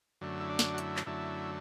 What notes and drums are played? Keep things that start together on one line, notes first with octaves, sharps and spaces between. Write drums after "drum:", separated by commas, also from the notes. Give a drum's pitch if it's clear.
F#2 D3 A3
E4
D4
drum: snare
F#4
E4, drum: hi-hat
drum: clap
F#2 D3 A3 E4